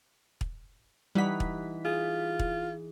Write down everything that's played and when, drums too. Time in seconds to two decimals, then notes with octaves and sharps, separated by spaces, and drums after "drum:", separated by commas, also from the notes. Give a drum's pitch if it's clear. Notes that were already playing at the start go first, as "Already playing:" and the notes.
0.41 drum: kick
1.15 E3 G3 D#4 F#5 B6
1.40 drum: kick
1.85 F4 G#4
2.39 drum: kick